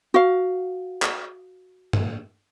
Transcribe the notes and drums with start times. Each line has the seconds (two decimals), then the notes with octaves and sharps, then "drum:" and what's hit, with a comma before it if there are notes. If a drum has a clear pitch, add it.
0.14 F#4 F5
1.02 drum: clap
1.93 drum: tom